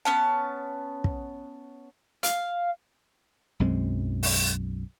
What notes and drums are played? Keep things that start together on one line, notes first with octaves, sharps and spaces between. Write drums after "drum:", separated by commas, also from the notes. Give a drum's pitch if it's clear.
B3 C#4 A5
drum: kick
F5, drum: hi-hat
B1 F#2 G#3 C4
drum: open hi-hat